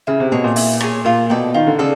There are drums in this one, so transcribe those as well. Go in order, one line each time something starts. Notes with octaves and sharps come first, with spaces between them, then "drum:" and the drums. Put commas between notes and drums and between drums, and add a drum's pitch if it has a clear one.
C#3 E4
C3
B2 G#4 C#5
A#2
E4, drum: open hi-hat
G#4 C#5, drum: rim click
A#2 F4
B2 A4 D5 G5
D#3 F4
D3
C#3 A4 D5